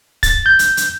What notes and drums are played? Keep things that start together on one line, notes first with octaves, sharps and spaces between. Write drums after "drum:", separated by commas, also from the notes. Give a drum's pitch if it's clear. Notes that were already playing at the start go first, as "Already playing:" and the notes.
A6, drum: kick, hi-hat
G6
drum: hi-hat
drum: hi-hat